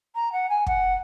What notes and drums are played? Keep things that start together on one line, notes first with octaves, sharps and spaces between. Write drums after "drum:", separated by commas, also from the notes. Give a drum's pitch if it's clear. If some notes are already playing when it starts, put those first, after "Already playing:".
A#5
F#5
G#5
F#5, drum: kick